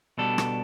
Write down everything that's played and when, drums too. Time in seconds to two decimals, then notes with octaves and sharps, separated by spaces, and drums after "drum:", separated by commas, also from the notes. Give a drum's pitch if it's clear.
0.18 B2 G3 B3 D4 A4
0.38 drum: rim click